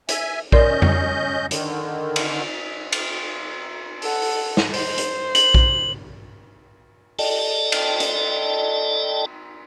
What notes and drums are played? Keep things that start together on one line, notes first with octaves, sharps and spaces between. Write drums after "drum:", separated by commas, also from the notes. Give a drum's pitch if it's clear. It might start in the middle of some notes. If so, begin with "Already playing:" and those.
E5 G#5, drum: hi-hat
C#4 A#4 D5 D#5 C6 G6, drum: kick A#1
drum: tom F2
D3 D#3, drum: hi-hat
drum: cymbal
drum: cymbal
A4 F#5, drum: open hi-hat
drum: open hi-hat
drum: snare
C5, drum: open hi-hat
drum: hi-hat
F#7, drum: hi-hat
drum: kick A#1
A4 D5 D#5 G5 A5, drum: open hi-hat
drum: cymbal
drum: hi-hat